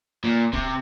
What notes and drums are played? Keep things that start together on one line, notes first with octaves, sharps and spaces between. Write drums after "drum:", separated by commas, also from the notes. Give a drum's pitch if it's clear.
A#2
C3, drum: kick